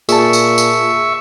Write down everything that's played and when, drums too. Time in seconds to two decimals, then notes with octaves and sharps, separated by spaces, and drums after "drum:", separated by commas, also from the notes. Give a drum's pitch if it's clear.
0.09 A#2 G#4 E5 A5 C#6, drum: tambourine
0.33 drum: tambourine
0.58 drum: tambourine